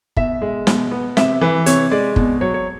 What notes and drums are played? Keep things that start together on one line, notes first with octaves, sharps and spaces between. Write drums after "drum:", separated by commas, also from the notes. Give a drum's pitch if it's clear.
B2 E5, drum: kick
G#3
B2, drum: snare
B3
C3 E5, drum: snare
E3 B4
C3 C#5, drum: hi-hat
G#3 D5
B2, drum: kick
F#3 C#5
C#5